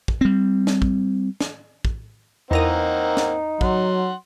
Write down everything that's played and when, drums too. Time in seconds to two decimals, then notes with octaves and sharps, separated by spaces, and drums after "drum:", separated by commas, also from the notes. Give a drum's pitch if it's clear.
0.08 drum: kick
0.21 G3 C4
0.67 drum: snare
0.82 drum: kick
1.41 drum: snare
1.85 drum: kick
2.51 E2 A#3 C4 D#4 A#4 D#5 F#5
3.17 drum: snare
3.61 F#3 F#5 C6, drum: kick